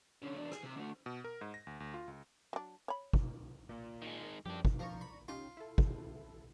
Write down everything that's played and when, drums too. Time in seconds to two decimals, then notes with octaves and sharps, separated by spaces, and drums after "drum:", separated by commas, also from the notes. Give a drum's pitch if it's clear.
0.22 D3 C#4
0.35 E2 D4
0.52 G#4, drum: rim click
0.63 C3
0.77 D3 A3
1.06 B2
1.24 A#4
1.41 G#2
1.54 A#6
1.67 D2
1.80 D2
1.94 F4
2.08 C#2
2.53 F#3 D4
2.88 C#5 B5
3.13 drum: kick
3.69 A#2 A#3
4.02 D#3 G#3
4.46 F#2 F3 G3 D4 G4
4.65 drum: kick
4.79 F3 D5 A#5 C#6
5.01 B5
5.28 C#4 D#4 F4 G4
5.57 E4 A4
5.78 drum: kick